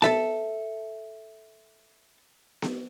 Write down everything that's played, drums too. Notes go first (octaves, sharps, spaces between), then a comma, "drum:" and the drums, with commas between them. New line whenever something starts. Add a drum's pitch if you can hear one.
A4 E5 A5, drum: snare B3
drum: snare B3